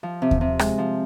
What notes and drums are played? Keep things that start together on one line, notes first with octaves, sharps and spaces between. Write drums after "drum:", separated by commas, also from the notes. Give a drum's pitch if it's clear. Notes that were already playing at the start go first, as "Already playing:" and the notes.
F3
C3
drum: kick D#2
C3
G#3, drum: rim click
F3